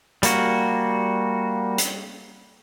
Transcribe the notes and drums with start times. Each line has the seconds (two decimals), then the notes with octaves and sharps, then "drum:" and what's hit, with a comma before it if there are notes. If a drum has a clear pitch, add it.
0.23 G3 A#3 F#4, drum: hi-hat
1.78 drum: hi-hat